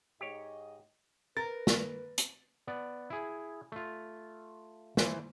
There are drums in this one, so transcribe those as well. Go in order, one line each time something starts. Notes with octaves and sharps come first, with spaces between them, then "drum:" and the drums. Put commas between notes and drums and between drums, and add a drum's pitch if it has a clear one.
G#2 G4 C#5 D#5
A#4 B4 A6
drum: snare
drum: hi-hat
B3 D5
E4 G#4
A3 F4
E3 C5, drum: snare